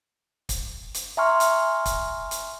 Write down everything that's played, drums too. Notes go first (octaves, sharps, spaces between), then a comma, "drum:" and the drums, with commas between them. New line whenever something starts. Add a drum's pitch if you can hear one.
drum: kick, hi-hat
drum: hi-hat
E5 G#5 A#5 C6 C#6 F6
drum: hi-hat
drum: kick, hi-hat
drum: hi-hat